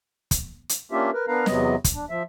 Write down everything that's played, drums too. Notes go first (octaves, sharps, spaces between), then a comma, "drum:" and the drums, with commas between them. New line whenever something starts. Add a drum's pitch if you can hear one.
drum: kick, hi-hat
drum: hi-hat
A#3 C#4 D4 F4 G4 E5
A#4 B4
B3 D4 A#4 B4 F5 A#5
E2 C3 F#3 B3 D#5, drum: snare
drum: kick, hi-hat
D4
F3 E5